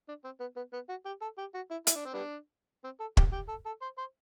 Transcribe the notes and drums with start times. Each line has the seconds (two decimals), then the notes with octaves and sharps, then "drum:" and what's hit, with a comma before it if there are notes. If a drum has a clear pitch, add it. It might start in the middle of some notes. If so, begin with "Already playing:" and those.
0.08 D4
0.24 C4
0.40 B3
0.56 B3
0.73 B3
0.89 F#4
1.05 G4
1.21 A4
1.38 G4
1.54 F#4
1.71 E4
1.87 E4, drum: hi-hat
1.96 D4
2.05 C4
2.14 G3 B3 D4
2.84 C4
3.00 A4
3.17 G4, drum: kick
3.33 G4
3.48 A4
3.66 A4
3.82 C5
3.98 C5